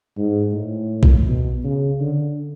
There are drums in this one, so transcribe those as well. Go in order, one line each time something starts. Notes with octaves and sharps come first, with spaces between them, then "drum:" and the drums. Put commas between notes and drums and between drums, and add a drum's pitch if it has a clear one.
G#2
A2
drum: kick B1
B2
C#3
D3